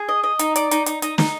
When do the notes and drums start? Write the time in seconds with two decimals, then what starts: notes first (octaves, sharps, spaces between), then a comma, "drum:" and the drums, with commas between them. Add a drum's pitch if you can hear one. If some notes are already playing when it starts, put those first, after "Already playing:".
Already playing: G#4
0.09 D#5
0.24 D#5
0.39 D#4, drum: hi-hat
0.56 D5, drum: hi-hat
0.71 D#4, drum: hi-hat
0.86 D#4, drum: hi-hat
1.02 D#4, drum: hi-hat
1.18 D#4, drum: snare